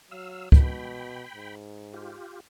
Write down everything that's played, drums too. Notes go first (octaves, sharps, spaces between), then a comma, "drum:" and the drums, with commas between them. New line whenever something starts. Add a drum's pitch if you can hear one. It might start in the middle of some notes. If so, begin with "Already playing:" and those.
F#3 F5 E6
B2 G5 B5, drum: kick
G#2
F4 G4